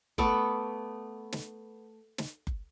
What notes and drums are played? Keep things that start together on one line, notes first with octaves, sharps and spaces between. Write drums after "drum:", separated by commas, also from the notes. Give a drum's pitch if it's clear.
A3 B3 C#6 D6, drum: kick F#1
drum: snare
drum: snare
drum: kick F#1